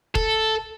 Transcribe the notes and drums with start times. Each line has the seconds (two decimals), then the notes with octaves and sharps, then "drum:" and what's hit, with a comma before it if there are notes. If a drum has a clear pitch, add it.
0.15 A4, drum: kick E1